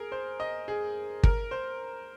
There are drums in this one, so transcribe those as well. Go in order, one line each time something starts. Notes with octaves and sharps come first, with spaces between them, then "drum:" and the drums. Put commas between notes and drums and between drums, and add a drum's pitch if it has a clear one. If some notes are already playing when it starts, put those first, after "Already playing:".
Already playing: G#4 A#4
C5
D#5
G#4
A#4, drum: kick
C5